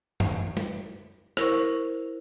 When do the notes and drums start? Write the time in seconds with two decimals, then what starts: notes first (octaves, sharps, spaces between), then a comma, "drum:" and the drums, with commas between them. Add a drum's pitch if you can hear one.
0.20 drum: tom F#2
0.57 drum: tom G3
1.37 E4 A#4 C5 C#6, drum: rim click